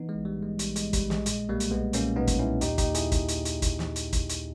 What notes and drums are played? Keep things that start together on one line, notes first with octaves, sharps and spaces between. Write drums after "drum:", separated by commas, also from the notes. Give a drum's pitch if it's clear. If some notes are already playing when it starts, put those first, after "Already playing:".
Already playing: E3 B3 D#4
G#3
A#1
G3
G#2
G#3
A#1 G3, drum: hi-hat
G#3, drum: hi-hat
G#2
G3, drum: kick, hi-hat
A#1
G#3, drum: snare
A#2 G#3, drum: hi-hat
B1 G3 A#3
drum: hi-hat
B1 G#3 B3
A#2 A#3 C#4, drum: hi-hat
B1 B3 D#4
drum: kick, hi-hat
A#2 C#4 E4
D#2 D#4 G4, drum: hi-hat
D#4 G4, drum: kick, hi-hat
D#2
E4 G#4, drum: hi-hat
drum: kick, hi-hat
drum: hi-hat
drum: hi-hat
drum: kick, hi-hat
drum: snare
drum: hi-hat
drum: kick, hi-hat
drum: hi-hat